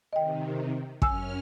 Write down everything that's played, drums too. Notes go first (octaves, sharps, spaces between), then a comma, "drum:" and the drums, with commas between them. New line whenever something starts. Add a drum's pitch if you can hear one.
C3 D#3 D#5 G5
F#2 C#4 G#5 E6 F6, drum: kick